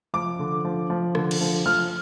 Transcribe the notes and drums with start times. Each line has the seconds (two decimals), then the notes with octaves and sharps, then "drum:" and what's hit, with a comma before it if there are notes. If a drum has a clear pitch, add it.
0.14 F3 D6
0.39 D3
0.65 F3
0.90 F3
1.15 D3, drum: rim click
1.31 drum: cymbal
1.41 F3
1.66 F3 F6